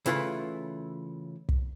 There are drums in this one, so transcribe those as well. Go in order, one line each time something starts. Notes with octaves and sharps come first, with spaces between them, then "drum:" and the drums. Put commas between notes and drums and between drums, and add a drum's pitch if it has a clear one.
C#3 E3 A3 E4 F4 B4, drum: hi-hat
drum: kick